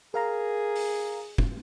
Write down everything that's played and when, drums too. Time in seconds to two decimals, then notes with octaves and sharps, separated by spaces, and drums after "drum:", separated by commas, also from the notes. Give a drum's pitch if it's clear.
0.14 G#4 A#4 F5 A#5
0.76 drum: open hi-hat
1.38 drum: kick